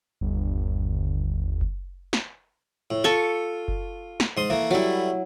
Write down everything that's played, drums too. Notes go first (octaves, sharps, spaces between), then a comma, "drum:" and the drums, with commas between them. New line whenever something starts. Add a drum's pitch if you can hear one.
G1 D#2
drum: kick F#1
drum: snare
A2
F4 A4 A5 C#6
drum: kick F#1
drum: snare
G#2 C6 D#6
E3 A3 A#3
F#3 G3 A3 E4